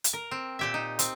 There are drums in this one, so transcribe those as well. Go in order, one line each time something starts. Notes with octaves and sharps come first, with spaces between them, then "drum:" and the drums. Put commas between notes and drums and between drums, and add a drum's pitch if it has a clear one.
drum: hi-hat
A#4
C4
A#2 G4 E5
D#4
C4, drum: hi-hat